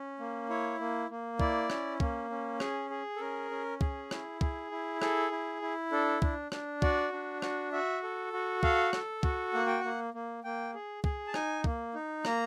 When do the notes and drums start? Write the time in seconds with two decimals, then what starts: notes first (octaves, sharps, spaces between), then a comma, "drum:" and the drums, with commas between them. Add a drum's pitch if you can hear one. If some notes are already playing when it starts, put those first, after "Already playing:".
Already playing: C#4
0.19 A#3
0.49 E4 C#5
0.79 A#3
1.10 A#3
1.40 E4 D5, drum: kick
1.70 C#4, drum: rim click
2.00 A#3, drum: kick
2.30 C#4
2.60 G#4, drum: rim click
2.90 G#4
3.16 A4
3.20 C#4 A#4
3.51 C#4
3.81 G#4, drum: kick
4.11 E4, drum: rim click
4.41 G#4, drum: kick
4.71 E4
5.02 G#4 A4, drum: rim click
5.31 E4
5.62 E4
5.92 D4 A4
6.22 D4, drum: kick
6.52 D4, drum: rim click
6.82 F#4 D5, drum: kick
7.12 D4
7.42 F#4, drum: rim click
7.72 F#4 E5
8.03 A4
8.33 F#4
8.63 A4 F5, drum: kick
8.93 A4, drum: rim click
9.23 F#4, drum: kick
9.53 A#3 F#5
9.67 G5
9.80 A#3 F#5
10.14 A#3
10.44 A#3 G5
10.74 G#4
11.04 G#4, drum: kick
11.27 A5
11.34 D#4 G#5, drum: rim click
11.64 A#3, drum: kick
11.95 D#4
12.25 A#3 A#5, drum: rim click